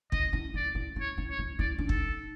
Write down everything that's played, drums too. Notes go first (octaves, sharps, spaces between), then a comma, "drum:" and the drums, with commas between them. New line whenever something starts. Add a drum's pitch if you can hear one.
E4 D#5, drum: kick
E4
E4 D5
E4
E4 C#5
E4
C#5
E4
E4 D5
D4
D#4 A4, drum: kick